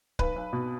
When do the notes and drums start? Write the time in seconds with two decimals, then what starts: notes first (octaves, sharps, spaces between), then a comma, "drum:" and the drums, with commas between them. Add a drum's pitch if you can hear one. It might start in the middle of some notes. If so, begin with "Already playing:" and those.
0.19 B1 B4, drum: kick C#1
0.36 B1
0.53 B2